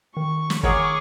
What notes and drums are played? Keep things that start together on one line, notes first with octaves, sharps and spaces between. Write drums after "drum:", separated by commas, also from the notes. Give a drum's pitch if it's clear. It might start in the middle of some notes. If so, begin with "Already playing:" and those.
D#3 C#6
drum: snare
G#4 A#4 C#5 F#5 C#6 D6, drum: kick